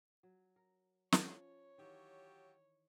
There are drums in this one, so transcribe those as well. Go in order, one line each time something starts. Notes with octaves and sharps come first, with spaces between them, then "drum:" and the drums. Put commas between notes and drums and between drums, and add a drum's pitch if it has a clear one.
F#3
A#4
F3 C#4 F4 C#5, drum: snare
D#3 E3 F#3 F4 G4